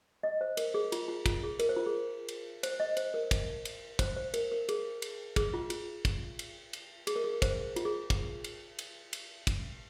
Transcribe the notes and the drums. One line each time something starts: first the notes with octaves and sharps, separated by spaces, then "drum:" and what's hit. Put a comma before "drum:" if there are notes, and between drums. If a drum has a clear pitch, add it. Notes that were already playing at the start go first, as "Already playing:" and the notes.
D#5
C5
A#4, drum: cymbal
G#4
F4, drum: cymbal
F4
F4, drum: kick, cymbal
G#4
A#4, drum: cymbal
C5
F4
G#4
drum: cymbal
C5, drum: cymbal
D#5
C5, drum: cymbal
A#4
drum: kick, cymbal
drum: cymbal
C5, drum: kick, cymbal
C5
A#4, drum: cymbal
A#4
G#4, drum: cymbal
drum: cymbal
G#4, drum: kick, cymbal
F4
F4, drum: cymbal
drum: kick, cymbal
drum: cymbal
drum: cymbal
G#4, drum: cymbal
A#4
G#4
A#4
C5, drum: kick, cymbal
C5
F4, drum: cymbal
G#4
drum: kick, cymbal
drum: cymbal
drum: cymbal
drum: cymbal
drum: kick, cymbal